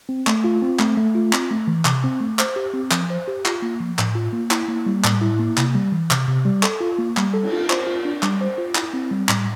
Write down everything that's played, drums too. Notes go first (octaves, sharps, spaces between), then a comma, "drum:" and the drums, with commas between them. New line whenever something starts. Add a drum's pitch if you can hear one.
C4
A3, drum: clap
F4
C4
A3, drum: clap
A3
F4
C4, drum: clap
A3
E3
C3, drum: clap
C4
A3
C5, drum: clap
G4
C4
F3, drum: clap
C5
G4
F4, drum: clap
A#3
F3
A2, drum: clap
F4
A#3
E4, drum: clap
A#3
G3
A2, drum: clap
E4
A#3
C3, drum: clap
G3
E3
C3, drum: clap
C3
G3
A4, drum: clap
F4
A#3
G3, drum: clap
A4
drum: cymbal
F4
C5, drum: clap
F4
D4
G3, drum: clap
C5
F4
E4, drum: clap
C4
G3
A2, drum: clap